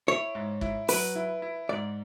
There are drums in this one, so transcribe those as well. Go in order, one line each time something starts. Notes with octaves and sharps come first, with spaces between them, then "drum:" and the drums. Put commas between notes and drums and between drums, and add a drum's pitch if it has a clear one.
E4 C#5
G#2
E4, drum: kick
F#3 B4, drum: open hi-hat
E4
E4
G#2 D5